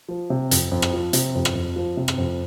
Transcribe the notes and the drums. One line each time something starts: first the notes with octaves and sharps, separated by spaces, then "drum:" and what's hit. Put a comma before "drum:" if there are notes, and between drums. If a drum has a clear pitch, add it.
F3
C3
F2, drum: hi-hat
F2
drum: rim click
F3
C3, drum: hi-hat
F2
drum: rim click
F2
F3
C3
drum: rim click
F2